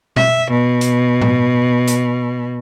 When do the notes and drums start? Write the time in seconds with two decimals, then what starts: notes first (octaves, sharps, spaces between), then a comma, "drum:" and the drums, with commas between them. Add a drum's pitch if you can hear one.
0.16 E5, drum: tom B2
0.51 B2
0.81 drum: hi-hat
1.21 drum: tom A2
1.87 drum: hi-hat